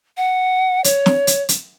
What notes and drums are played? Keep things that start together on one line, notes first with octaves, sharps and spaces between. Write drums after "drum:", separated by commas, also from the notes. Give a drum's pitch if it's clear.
F#5
C#5, drum: hi-hat
drum: snare
drum: hi-hat
drum: hi-hat